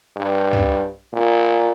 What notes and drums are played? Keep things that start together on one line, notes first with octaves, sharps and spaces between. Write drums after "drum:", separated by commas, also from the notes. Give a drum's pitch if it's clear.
G2
drum: tom
A#2